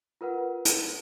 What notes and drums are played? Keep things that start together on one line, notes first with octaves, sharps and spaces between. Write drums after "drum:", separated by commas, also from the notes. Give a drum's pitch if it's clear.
F4 A#4 B4 F#5
drum: hi-hat